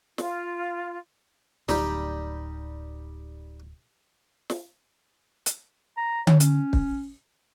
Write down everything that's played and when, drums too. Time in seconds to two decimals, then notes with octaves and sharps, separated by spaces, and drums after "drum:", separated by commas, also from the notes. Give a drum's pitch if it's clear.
0.18 F4, drum: snare
1.69 D1 G3 D#4 G4, drum: snare
4.50 drum: snare
5.46 drum: hi-hat
5.97 A#5
6.27 C#5, drum: tom D3
6.40 C#4, drum: hi-hat
6.73 drum: kick